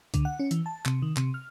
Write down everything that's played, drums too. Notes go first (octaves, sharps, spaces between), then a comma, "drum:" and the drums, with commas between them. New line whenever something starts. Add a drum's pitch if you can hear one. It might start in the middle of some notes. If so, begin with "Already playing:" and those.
D3, drum: kick C#2, hi-hat
F#5
C#4
E3, drum: hi-hat
A5
C3, drum: clap
D#3
C3, drum: clap
F6